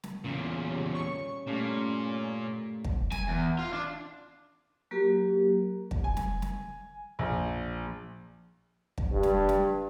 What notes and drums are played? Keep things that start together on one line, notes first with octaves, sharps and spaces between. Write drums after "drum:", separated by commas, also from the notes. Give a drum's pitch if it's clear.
drum: snare
E2 A#2 C#3
G3 C#4
C#6
G2 A#2 A3 C#4 E4
drum: kick
G#5, drum: snare
E2
F4
D4
F#3 A#3 F#4 G4 A#4
drum: kick
G#5
drum: snare
drum: snare
A#1
drum: kick
G2
drum: snare
drum: snare